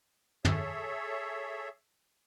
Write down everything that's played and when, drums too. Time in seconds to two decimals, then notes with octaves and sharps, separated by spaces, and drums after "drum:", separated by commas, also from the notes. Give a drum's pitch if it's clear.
0.45 G#4 A4 C#5 E5, drum: tom